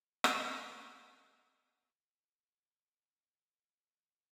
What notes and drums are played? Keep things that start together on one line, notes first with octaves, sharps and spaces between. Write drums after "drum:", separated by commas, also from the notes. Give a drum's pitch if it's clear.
drum: rim click
F#3 B4 A#5 E6
B2 A#5
C3
F3 G3 G#4
A2 C#4 G5